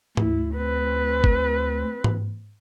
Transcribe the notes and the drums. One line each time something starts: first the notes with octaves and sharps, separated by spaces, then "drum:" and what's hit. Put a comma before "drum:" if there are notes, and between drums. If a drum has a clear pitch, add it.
D2 E4, drum: tom G#2
C4 B4
drum: kick G1
drum: tom G#2